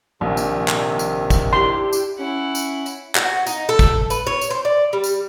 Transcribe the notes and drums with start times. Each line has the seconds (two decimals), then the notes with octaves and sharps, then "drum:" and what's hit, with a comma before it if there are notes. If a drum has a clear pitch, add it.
0.21 A#1 C3 D#3
0.37 drum: tambourine
0.68 drum: clap
0.99 drum: tambourine
1.30 drum: kick, tambourine
1.53 D4 E4 G4 C6
1.93 drum: tambourine
2.18 C#4 E4 F#5
2.55 drum: tambourine
2.86 drum: tambourine
3.15 F#4, drum: clap
3.47 D#4, drum: tambourine
3.69 A4
3.79 drum: kick, tambourine
4.10 B4, drum: tambourine
4.27 C#5
4.41 drum: tambourine
4.51 C5
4.65 D5
4.93 G3
5.04 drum: tambourine